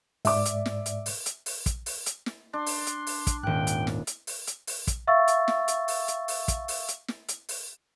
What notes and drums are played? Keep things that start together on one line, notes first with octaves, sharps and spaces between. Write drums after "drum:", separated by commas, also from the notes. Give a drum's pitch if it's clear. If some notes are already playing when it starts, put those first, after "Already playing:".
G#2 D5 E5 D6, drum: open hi-hat
drum: hi-hat
drum: snare
drum: hi-hat
drum: open hi-hat
drum: hi-hat
drum: open hi-hat
drum: kick, hi-hat
drum: open hi-hat
drum: hi-hat
drum: snare
D4 C6
drum: open hi-hat
drum: hi-hat
drum: open hi-hat
drum: kick, hi-hat
D#1 G#2 G5 F#6
drum: hi-hat
drum: snare
drum: hi-hat
drum: open hi-hat
drum: hi-hat
drum: open hi-hat
drum: kick, hi-hat
E5 F5 C#6 E6 A6
drum: hi-hat
drum: snare
drum: hi-hat
drum: open hi-hat
drum: hi-hat
drum: open hi-hat
drum: kick, hi-hat
drum: open hi-hat
drum: hi-hat
drum: snare
drum: hi-hat
drum: open hi-hat